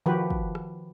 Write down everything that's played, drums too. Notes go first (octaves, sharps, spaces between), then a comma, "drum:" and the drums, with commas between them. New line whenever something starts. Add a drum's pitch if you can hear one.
D#3 F3 F#4 G4 B4
drum: kick
drum: rim click